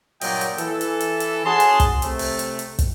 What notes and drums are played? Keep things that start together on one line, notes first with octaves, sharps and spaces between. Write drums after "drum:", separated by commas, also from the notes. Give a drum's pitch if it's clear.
G2 A#2 F#3 D5 D#5 G5, drum: open hi-hat
drum: hi-hat
E3 A4, drum: hi-hat
drum: hi-hat
drum: hi-hat
drum: hi-hat
C#4 F#4 G#4 A5 C6
drum: hi-hat
drum: kick, hi-hat
C3 A3, drum: hi-hat
drum: open hi-hat
drum: hi-hat
drum: hi-hat
drum: kick, hi-hat